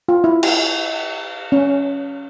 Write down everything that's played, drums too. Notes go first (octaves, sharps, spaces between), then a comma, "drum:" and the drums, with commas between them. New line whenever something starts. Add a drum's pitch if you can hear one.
F4
E4
drum: cymbal
C#4